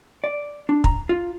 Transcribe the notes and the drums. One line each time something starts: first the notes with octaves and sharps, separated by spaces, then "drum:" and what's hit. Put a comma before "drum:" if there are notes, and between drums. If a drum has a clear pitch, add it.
D5
D4
A#5, drum: kick
F4